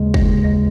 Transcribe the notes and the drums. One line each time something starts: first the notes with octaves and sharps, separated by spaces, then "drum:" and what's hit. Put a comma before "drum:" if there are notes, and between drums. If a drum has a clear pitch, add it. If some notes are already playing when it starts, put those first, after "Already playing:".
Already playing: D#2 C#3 G#3
D#5, drum: kick